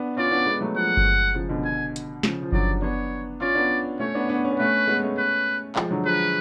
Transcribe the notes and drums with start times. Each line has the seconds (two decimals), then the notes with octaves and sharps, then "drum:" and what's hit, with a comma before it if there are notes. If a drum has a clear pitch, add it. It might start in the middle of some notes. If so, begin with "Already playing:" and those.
Already playing: B3 D4
0.17 C#4 F4 D5
0.31 B3 D4
0.46 G#3 B3
0.61 F#3 A3
0.76 F3 G#3 F#5
0.97 drum: kick G1
1.34 C#3 F3
1.49 B2 D3
1.64 G#5
1.96 drum: hi-hat
2.23 C#3 F3, drum: snare
2.43 F3
2.52 D3 F#3 D5, drum: kick G1
2.82 B3 D4 C#5
3.40 C#4 F4 D5
3.55 B3 D4
4.00 A3 C#4 C#5
4.15 B3 D4
4.29 B3 D4
4.44 C#4
4.51 B3
4.59 A3 C#4 B4
4.87 G#3 B3
5.03 A3 C#4
5.17 B4
5.76 F3 G#3, drum: clap
5.91 D3 F#3
6.05 F3 G#3 B4